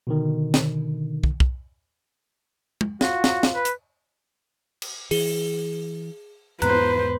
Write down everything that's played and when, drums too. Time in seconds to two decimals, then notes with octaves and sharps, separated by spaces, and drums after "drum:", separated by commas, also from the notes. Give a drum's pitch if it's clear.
0.07 B2 D3 D#3
0.54 drum: snare
1.24 drum: kick
1.40 drum: kick
2.81 drum: tom
3.01 F4 F#4, drum: snare
3.24 drum: snare
3.43 drum: snare
3.55 B4
3.65 drum: hi-hat
4.82 drum: cymbal
5.11 E3 G#4 G7, drum: open hi-hat
6.62 E2 G#2 B3 B4 C5 A#5 F#6, drum: hi-hat